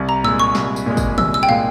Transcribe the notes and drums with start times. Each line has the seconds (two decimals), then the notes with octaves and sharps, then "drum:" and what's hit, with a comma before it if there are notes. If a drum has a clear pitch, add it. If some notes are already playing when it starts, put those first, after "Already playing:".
Already playing: C2
0.09 A#5
0.24 A#2 G#3 E6
0.39 C#6
0.55 C2, drum: snare
0.76 drum: tambourine
0.86 A#2 G#3
0.97 drum: kick, tambourine
1.18 C2 E6, drum: tom D#3
1.34 E6
1.43 G5
1.49 A#2 G#3 F5